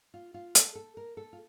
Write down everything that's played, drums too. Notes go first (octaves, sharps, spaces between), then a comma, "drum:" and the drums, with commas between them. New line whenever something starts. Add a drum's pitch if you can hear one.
F4
F4
A4, drum: hi-hat
A4
A#4
A4
F4